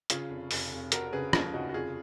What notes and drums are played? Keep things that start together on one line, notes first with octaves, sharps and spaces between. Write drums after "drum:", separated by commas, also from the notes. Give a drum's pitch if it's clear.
C#3 F4 G#4, drum: hi-hat
F1
F1, drum: open hi-hat
F1
F1 F#4 A#4, drum: hi-hat
C#3 G#4 B4
D#2 F4 G#4, drum: rim click
C#3 D#4 F#4
F#4
F1 F4 G#4